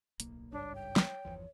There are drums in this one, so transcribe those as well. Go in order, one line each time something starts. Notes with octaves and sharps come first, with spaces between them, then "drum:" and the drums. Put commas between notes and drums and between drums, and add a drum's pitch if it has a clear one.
D1 B1 A#3, drum: hi-hat
G#1 C#2 G2 D4 C#5
G5
drum: snare
G1 E2 F3